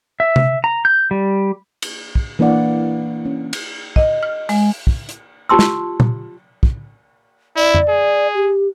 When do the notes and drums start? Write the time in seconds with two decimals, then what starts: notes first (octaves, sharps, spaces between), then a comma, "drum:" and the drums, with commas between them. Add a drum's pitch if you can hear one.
0.20 E5
0.36 drum: tom C3
0.64 A#5
0.85 G6
1.11 G3
1.82 drum: cymbal
2.15 drum: kick
2.39 E3 A#3 D4 E4 D5 F#5
3.25 C#4
3.53 drum: cymbal
3.96 D#5, drum: kick
4.23 F6
4.49 G#3, drum: open hi-hat
4.87 drum: kick
5.09 drum: hi-hat
5.49 F4 G4 A5 C6 E6
5.59 drum: snare
6.00 drum: tom
6.63 drum: kick
7.56 E4 D5
7.74 drum: tom F2
7.88 G#4
8.34 G4